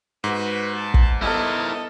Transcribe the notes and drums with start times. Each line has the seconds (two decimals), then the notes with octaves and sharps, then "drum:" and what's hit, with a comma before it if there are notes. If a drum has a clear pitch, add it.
0.24 G#2 F#4 B4
0.75 A5
0.94 drum: kick
1.22 B3 E4 A4 A#4 D#5